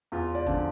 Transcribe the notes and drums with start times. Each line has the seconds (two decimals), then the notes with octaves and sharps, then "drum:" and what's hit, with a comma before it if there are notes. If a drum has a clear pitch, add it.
0.12 E2 F4
0.35 D5
0.46 D3 F3, drum: kick E1